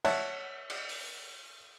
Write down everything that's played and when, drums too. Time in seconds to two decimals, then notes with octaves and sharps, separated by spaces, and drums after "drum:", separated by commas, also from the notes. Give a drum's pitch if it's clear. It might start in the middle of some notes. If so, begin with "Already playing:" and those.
0.05 C#5 E5 F#5 A5, drum: cymbal
0.70 drum: cymbal
0.89 drum: open hi-hat